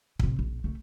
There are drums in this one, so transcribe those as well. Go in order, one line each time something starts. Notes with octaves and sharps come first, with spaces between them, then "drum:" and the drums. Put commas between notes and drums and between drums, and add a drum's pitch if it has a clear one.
A2 C3, drum: kick
A#1
C#3 A3